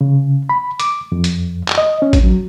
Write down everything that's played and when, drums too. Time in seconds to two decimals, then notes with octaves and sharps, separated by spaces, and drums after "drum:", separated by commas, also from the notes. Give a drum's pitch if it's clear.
0.01 C#3
0.49 B5
0.80 D6, drum: hi-hat
1.12 F2
1.24 drum: hi-hat
1.69 drum: clap
1.78 D#5
2.02 C#4
2.13 drum: kick A1, hi-hat
2.23 F#3